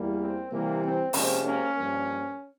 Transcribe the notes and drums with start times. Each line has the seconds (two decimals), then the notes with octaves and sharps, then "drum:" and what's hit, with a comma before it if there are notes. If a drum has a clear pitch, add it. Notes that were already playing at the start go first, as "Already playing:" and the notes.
Already playing: E2 E3 G3 A#3
0.20 C4
0.51 C3 E3 G3 A#3
0.82 C4
1.13 C3 F3 G#3 A#3 C#4, drum: open hi-hat
1.44 A#3 C#4
1.75 G2 F3 A#3